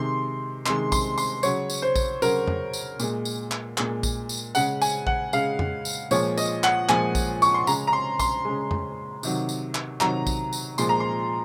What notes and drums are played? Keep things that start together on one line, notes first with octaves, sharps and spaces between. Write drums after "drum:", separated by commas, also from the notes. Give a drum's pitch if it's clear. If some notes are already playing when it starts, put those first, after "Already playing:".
Already playing: C3 D#3 G#3 C6
C3 D#3 G#3 C6, drum: clap
C6, drum: kick A#1, tambourine
C6, drum: tambourine
C#3 F#3 C#5, drum: tambourine
drum: tambourine
C5
drum: kick A#1, tambourine
C#3 F#3 A#4, drum: tambourine
drum: tom F2
drum: tambourine
A#2 G#3, drum: tambourine
drum: tambourine
drum: clap
A#2 G#3, drum: clap
drum: kick A#1, tambourine
drum: tambourine
C#3 G#3 F#5, drum: tambourine
G#5, drum: tambourine
F#5, drum: kick A#1
C#3 G#3 F5, drum: tambourine
drum: tom F2
drum: tambourine
A#2 F3 G#3 C#5, drum: tambourine
D#5, drum: tambourine
F#5, drum: clap
A#2 F3 G#3 G#5, drum: clap
drum: kick A#1, tambourine
C#6, drum: tambourine
C6
C#3 G#3 A#5, drum: tambourine
A#5
C6
C6, drum: kick A#1, tambourine
C#3 G#3
drum: tom F2
C3 D#3 F#3, drum: tambourine
drum: tambourine
drum: clap
C3 D#3 F#3 A#5, drum: clap
drum: kick A#1, tambourine
drum: tambourine
A#2 F3 G#3 C6, drum: tambourine
A#5
C6